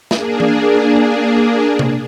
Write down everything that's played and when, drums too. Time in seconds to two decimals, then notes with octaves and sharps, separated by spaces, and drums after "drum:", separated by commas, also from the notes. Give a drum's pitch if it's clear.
0.11 A#3 D4 G#4, drum: snare
0.40 drum: tom E3
1.79 drum: tom C3